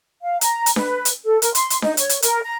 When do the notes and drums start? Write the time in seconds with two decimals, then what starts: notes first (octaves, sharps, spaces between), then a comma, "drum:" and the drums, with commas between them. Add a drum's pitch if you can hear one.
0.22 F5
0.41 A#5, drum: hi-hat
0.66 drum: hi-hat
0.76 B4, drum: snare D4
1.05 drum: hi-hat
1.25 A4
1.42 A#4, drum: hi-hat
1.55 C6, drum: hi-hat
1.70 drum: hi-hat
1.82 D#4, drum: snare D4
1.97 C#5, drum: hi-hat
2.09 drum: hi-hat
2.22 A#4, drum: hi-hat
2.44 A#5